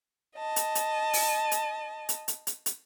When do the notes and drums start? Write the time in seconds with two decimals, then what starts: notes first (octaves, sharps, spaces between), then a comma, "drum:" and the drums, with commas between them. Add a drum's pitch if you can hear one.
0.37 D#5 A5
0.56 drum: hi-hat
0.75 drum: hi-hat
1.13 drum: open hi-hat
1.52 drum: hi-hat
2.09 drum: hi-hat
2.28 drum: hi-hat
2.47 drum: hi-hat
2.66 drum: hi-hat